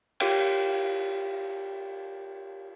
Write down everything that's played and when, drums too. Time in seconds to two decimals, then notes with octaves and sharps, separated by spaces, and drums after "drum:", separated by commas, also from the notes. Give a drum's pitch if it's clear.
0.20 F4 G4 A#4 C#5 F5 G5, drum: cymbal